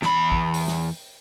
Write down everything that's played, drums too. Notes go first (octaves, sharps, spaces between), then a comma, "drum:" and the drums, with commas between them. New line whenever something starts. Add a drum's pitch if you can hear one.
E2 B5, drum: snare
drum: kick A1
drum: open hi-hat
drum: snare